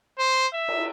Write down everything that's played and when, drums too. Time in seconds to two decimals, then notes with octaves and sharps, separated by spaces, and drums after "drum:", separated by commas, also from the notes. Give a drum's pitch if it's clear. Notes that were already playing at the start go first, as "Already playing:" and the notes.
0.19 C5
0.53 E5
0.68 drum: cymbal